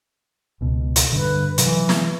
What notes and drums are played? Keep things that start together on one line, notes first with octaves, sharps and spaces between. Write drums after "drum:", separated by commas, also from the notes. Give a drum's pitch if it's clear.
C#2 B2
drum: hi-hat
G2 D3 B4
C3 E3 F#3, drum: hi-hat
drum: snare